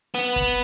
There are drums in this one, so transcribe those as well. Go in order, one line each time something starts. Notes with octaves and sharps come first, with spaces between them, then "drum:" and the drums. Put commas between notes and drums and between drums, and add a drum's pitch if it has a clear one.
B3
drum: kick, hi-hat